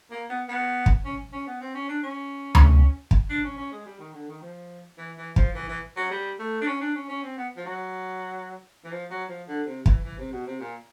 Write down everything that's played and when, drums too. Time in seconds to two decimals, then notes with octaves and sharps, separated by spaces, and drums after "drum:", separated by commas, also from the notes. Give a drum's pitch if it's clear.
0.11 A#3
0.30 B3
0.49 B3
0.86 drum: kick
1.05 C#4
1.33 C#4
1.47 B3
1.61 C4
1.75 C#4
1.89 D4
2.04 C#4
2.55 drum: tom D2
3.11 drum: kick
3.30 D4
3.44 C#4
3.58 C#4
3.72 G#3
3.86 G3
4.00 D#3
4.14 D3
4.28 D#3
4.42 F3
4.98 E3
5.17 E3
5.36 F3, drum: kick
5.55 E3
5.69 E3
5.97 F#3
6.10 G3
6.39 A3
6.61 D4
6.67 C#4
6.81 D4
6.95 C#4
7.09 C#4
7.23 C4
7.37 B3
7.57 F3
7.65 F#3
8.85 E3
8.92 F3
9.11 F#3
9.29 F3
9.48 D3
9.67 C3
9.86 E3, drum: kick
10.04 E3
10.18 C3
10.32 B2
10.46 C3
10.60 A#2